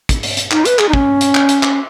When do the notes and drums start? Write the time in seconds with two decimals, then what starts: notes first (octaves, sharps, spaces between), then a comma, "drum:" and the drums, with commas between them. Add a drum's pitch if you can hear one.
0.09 drum: kick, hi-hat
0.23 drum: open hi-hat
0.37 drum: hi-hat
0.51 D#4, drum: clap
0.65 B4, drum: hi-hat
0.79 G#4, drum: clap
0.89 D#4
0.93 C#4, drum: kick
1.21 drum: hi-hat
1.35 drum: clap
1.49 drum: hi-hat
1.63 drum: clap